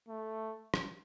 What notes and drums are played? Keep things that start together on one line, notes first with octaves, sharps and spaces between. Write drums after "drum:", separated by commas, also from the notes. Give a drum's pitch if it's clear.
A3
drum: rim click